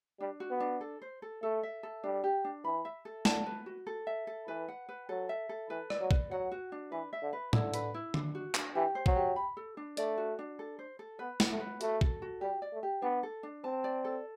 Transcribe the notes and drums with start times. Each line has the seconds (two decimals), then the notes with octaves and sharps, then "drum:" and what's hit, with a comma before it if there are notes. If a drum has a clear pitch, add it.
0.20 G3 D4
0.40 F#4
0.51 B3
0.60 D4
0.81 A4
1.02 C5
1.22 A4
1.43 A3 A4
1.63 E5
1.83 A4
2.03 G3 D4
2.24 G4
2.44 D4
2.64 E3 B5
2.85 E5
3.05 A4
3.25 D3 A5, drum: snare
3.46 B4
3.66 F#4
3.87 A4
4.07 E5
4.27 A4
4.48 E3 B4
4.68 F#5
4.89 B4
5.09 F#3 A4
5.29 E5
5.49 A4
5.70 E3 B4
5.90 D5, drum: rim click
6.00 F#3
6.11 B4, drum: kick
6.31 F#3 F#5
6.51 F#4
6.72 D4
6.92 E3 B4
7.13 E5
7.22 D3
7.33 B4
7.53 D3 E4, drum: tom A2
7.74 B4, drum: hi-hat
7.94 E4
8.14 D4, drum: tom D3
8.35 F#4
8.54 D4, drum: clap
8.75 E3 G4
8.95 C5
9.06 F#3, drum: kick
9.16 G4
9.36 B5
9.57 A4
9.77 D4
9.97 A3 D5, drum: hi-hat
10.18 F#4
10.39 D4
10.59 A4
10.79 C5
10.99 A4
11.19 B3 B4
11.40 F#5, drum: snare
11.51 A3
11.60 B4
11.81 A3 F#4, drum: hi-hat
12.01 A4, drum: kick
12.22 F#4
12.41 G3 G4
12.62 D5
12.73 A3
12.83 G4
13.02 B3 D4
13.23 A4
13.43 D4
13.64 C4 A5
13.84 D5
14.05 A4